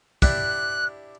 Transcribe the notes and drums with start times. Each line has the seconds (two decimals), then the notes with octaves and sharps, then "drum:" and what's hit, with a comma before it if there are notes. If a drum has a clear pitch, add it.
0.22 D4 E4 G4 F#6, drum: kick